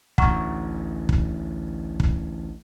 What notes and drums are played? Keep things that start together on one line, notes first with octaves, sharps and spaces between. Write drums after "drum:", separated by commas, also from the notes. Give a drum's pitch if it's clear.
A1 D2 F#5 A#5 C#6, drum: kick
drum: kick
drum: kick